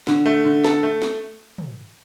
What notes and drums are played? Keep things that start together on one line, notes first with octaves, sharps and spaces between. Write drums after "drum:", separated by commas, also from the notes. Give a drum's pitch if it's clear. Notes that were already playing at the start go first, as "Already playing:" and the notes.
D3, drum: snare
A3
D3
A4, drum: snare
A3
drum: snare
drum: tom